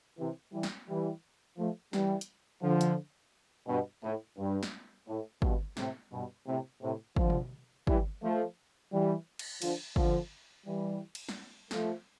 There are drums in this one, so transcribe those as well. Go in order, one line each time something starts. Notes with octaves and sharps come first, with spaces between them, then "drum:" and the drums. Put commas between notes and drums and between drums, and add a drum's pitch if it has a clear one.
C3 E3
E3 G3
drum: snare
E3 G3
F3 A3
E3 G3, drum: snare
drum: hi-hat
D3 F3
drum: hi-hat
G2 B2
A2
G2
drum: snare
A2
G2 B2, drum: kick
A2 C3, drum: snare
G2 B2
A2 C3
A2 C3
D3 F3, drum: kick
drum: tom B2
E3 G3, drum: kick
F3 A3
E3 G3
drum: cymbal
D3 F3, drum: cymbal
D3 F3, drum: kick
E3 G3
drum: cymbal
drum: snare
F3 A3, drum: snare